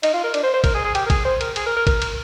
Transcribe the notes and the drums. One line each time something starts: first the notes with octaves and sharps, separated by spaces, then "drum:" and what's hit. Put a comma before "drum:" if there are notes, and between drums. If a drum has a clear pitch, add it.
D#4, drum: cymbal
F4
A#4
D4, drum: cymbal
C5
C5
A#4, drum: kick, cymbal
G#4
G#4
G4, drum: cymbal
A#4
G#4, drum: kick, cymbal
C5
A#4, drum: cymbal
G#4, drum: cymbal
A#4
A#4
A#4, drum: kick, cymbal
drum: cymbal